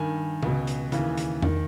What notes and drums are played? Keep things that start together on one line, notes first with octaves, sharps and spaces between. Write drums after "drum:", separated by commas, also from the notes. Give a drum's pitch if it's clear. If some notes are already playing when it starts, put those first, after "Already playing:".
Already playing: G2 D#3 G#5
C#2 B2, drum: tom C3
drum: hi-hat
D#2 C#3 E3, drum: hi-hat
drum: hi-hat
D#3, drum: tom E2